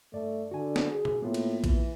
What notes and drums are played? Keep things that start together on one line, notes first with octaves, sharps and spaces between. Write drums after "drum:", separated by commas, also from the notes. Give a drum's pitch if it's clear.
G2 A3 D5
D3 F#4 G#5
drum: snare
G#4
drum: tom B2
A2 A#3 B3 F4
drum: cymbal
E3, drum: kick A#1, cymbal